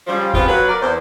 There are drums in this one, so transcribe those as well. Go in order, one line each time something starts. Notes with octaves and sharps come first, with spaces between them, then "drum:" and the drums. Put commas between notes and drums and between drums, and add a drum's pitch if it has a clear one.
C#3 F3 G3
G#3 B3 C4 F4 G4 G#4, drum: kick
F#3 B4
A#4 D5
E2 C5